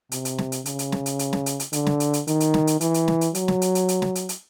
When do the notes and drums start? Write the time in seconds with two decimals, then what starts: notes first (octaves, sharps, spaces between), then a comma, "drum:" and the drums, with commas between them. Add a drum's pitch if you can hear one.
0.12 C3, drum: hi-hat
0.25 drum: hi-hat
0.38 drum: snare
0.52 drum: hi-hat
0.66 C#3, drum: hi-hat
0.79 drum: hi-hat
0.92 drum: snare
1.06 drum: hi-hat
1.19 drum: hi-hat
1.33 drum: snare
1.46 drum: hi-hat
1.60 drum: hi-hat
1.73 D3, drum: hi-hat
1.87 drum: snare
2.00 drum: hi-hat
2.13 drum: hi-hat
2.27 D#3, drum: hi-hat
2.40 drum: hi-hat
2.54 drum: snare
2.67 drum: hi-hat
2.81 E3, drum: hi-hat
2.94 drum: hi-hat
3.08 drum: snare
3.21 drum: hi-hat
3.35 F#3, drum: hi-hat
3.48 drum: snare
3.62 drum: hi-hat
3.75 drum: hi-hat
3.88 drum: hi-hat
4.02 drum: snare
4.15 drum: hi-hat
4.29 drum: hi-hat